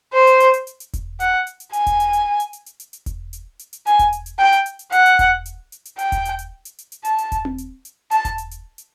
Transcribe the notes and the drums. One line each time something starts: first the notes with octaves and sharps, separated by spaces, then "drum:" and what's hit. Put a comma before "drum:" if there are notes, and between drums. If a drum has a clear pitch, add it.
C5
drum: hi-hat
drum: hi-hat
drum: hi-hat
drum: hi-hat
drum: hi-hat
drum: kick E1, hi-hat
F#5, drum: hi-hat
drum: hi-hat
drum: hi-hat
G#5, drum: hi-hat
drum: kick E1, hi-hat
drum: hi-hat
drum: hi-hat
drum: hi-hat
drum: hi-hat
drum: hi-hat
drum: hi-hat
drum: hi-hat
drum: kick E1, hi-hat
drum: hi-hat
drum: hi-hat
drum: hi-hat
G#5, drum: hi-hat
drum: kick E1, hi-hat
drum: hi-hat
drum: hi-hat
G5
drum: hi-hat
drum: hi-hat
drum: hi-hat
F#5, drum: hi-hat
drum: hi-hat
drum: kick E1, hi-hat
drum: hi-hat
drum: hi-hat
drum: hi-hat
G5, drum: hi-hat
drum: kick E1, hi-hat
drum: hi-hat
drum: hi-hat
drum: hi-hat
drum: hi-hat
drum: hi-hat
A5, drum: hi-hat
drum: hi-hat
drum: kick E1, hi-hat
drum: tom C4
drum: hi-hat
drum: hi-hat
A5, drum: hi-hat
drum: kick E1, hi-hat
drum: hi-hat
drum: hi-hat
drum: hi-hat